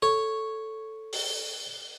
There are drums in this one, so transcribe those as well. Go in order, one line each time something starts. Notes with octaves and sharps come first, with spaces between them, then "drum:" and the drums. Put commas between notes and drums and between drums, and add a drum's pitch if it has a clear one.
A4 C#5
drum: open hi-hat